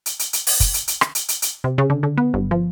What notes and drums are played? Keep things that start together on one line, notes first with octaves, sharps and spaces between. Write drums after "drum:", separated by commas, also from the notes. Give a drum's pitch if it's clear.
drum: hi-hat
drum: hi-hat
drum: hi-hat
drum: open hi-hat
drum: kick, hi-hat
drum: hi-hat
drum: hi-hat
drum: rim click
drum: hi-hat
drum: hi-hat
drum: hi-hat
C3
C#3
D3
D3
B3
G1
F3